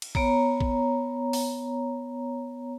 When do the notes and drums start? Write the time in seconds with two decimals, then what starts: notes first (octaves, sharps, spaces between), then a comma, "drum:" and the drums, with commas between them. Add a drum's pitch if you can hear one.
0.02 drum: cymbal
0.15 B3 C#5 A#5, drum: kick
0.61 drum: kick
1.33 drum: open hi-hat